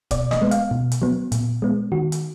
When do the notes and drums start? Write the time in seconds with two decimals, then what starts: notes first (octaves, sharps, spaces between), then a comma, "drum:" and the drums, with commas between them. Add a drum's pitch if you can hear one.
0.11 B2 D5, drum: kick C#1, hi-hat
0.31 D#5, drum: snare
0.41 G#3 B3
0.51 F5, drum: hi-hat
0.71 B2
0.92 drum: hi-hat
1.02 F#3 B3
1.32 A#2, drum: hi-hat
1.62 G#3 B3
1.92 D#3 F#4
2.12 drum: hi-hat